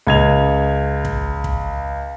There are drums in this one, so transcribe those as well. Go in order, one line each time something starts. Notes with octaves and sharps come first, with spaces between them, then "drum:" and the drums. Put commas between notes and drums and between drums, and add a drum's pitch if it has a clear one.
C#2 G#6 F7
drum: kick
drum: kick